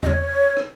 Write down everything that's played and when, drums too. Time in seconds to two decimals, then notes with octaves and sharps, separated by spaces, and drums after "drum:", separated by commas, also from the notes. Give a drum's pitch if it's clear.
0.03 D#5, drum: tom E2
0.07 C#5
0.57 drum: rim click